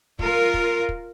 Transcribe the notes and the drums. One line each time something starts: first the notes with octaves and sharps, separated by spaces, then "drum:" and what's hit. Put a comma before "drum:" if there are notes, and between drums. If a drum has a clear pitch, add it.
F4 A#4, drum: kick
drum: kick
drum: kick